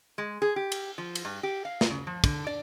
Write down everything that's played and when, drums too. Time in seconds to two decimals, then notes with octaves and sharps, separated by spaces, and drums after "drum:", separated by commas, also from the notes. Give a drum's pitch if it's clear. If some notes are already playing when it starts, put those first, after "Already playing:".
0.18 G#3
0.42 G#4
0.56 G4
0.72 drum: cymbal
0.98 F3
1.15 drum: cymbal
1.25 G2
1.43 G4
1.65 F5
1.81 drum: snare
1.90 C#3
2.07 F3
2.24 D3, drum: kick, cymbal
2.47 D5